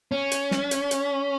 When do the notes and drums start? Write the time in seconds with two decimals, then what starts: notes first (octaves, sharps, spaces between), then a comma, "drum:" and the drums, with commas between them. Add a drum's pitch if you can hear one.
0.12 C#4
0.32 drum: hi-hat
0.51 drum: snare
0.71 drum: hi-hat
0.91 drum: hi-hat